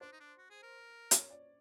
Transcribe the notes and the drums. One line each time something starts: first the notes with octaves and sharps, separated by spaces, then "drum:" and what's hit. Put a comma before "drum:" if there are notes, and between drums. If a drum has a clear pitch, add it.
D4 C5
D#4
D4
F#4
G#4
A#4
C#5, drum: hi-hat
C#5
D5